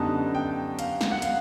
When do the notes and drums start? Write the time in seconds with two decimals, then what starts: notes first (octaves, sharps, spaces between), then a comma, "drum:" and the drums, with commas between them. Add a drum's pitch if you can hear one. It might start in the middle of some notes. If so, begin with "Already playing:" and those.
Already playing: F#2 D3 G3 B3 D#4 A5
0.35 G5
0.79 F5, drum: hi-hat
1.01 drum: snare
1.11 F#5
1.22 F5, drum: hi-hat